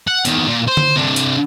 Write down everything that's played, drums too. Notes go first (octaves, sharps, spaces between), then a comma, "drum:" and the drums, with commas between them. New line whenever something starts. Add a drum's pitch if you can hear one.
F#5
E2 D#3, drum: hi-hat
A#2
C5
drum: tom D3
C3 D4
drum: hi-hat